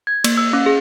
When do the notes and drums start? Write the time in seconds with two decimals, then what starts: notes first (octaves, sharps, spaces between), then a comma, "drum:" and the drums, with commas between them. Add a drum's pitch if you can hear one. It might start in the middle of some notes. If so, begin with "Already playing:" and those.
0.07 G#6
0.24 A#3, drum: cymbal
0.38 E6
0.53 C#4
0.66 G#4